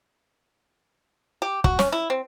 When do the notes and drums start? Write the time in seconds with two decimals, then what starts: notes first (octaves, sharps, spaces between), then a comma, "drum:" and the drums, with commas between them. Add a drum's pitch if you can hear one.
1.42 G4
1.64 F#4, drum: kick
1.79 C#4, drum: snare
1.92 E4
2.10 C4